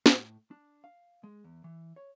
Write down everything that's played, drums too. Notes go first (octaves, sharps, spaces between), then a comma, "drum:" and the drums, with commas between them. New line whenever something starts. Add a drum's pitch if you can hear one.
A2, drum: snare
D4
F5
G#3
E2
E3
C#5